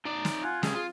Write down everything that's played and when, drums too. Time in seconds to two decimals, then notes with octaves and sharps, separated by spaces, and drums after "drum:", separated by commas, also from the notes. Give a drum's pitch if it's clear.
0.05 D#4 D5
0.25 drum: snare
0.43 F4 F#5 G#5
0.63 C#3 G3 G#3 G#4, drum: snare
0.75 F4